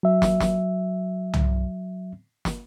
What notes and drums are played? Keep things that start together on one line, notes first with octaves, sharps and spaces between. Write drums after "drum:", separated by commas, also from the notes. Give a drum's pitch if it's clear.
F#3 E5
drum: snare
drum: snare
drum: tom
drum: snare